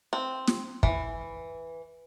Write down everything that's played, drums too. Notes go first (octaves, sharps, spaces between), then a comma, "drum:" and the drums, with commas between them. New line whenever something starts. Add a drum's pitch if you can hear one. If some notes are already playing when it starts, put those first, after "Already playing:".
C4
drum: snare
E3, drum: kick